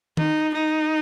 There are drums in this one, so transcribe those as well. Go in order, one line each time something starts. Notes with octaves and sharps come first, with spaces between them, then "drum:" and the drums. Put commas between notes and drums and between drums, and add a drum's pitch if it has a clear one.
D#4, drum: tom D#3
D#4